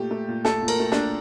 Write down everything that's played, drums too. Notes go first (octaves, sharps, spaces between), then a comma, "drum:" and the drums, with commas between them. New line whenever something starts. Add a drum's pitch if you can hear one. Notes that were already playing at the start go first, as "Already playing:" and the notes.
Already playing: A#2 A3 G4
A3
A#2
A3 A4, drum: snare
A#2
A#4, drum: cymbal
A3
A#2 D4, drum: snare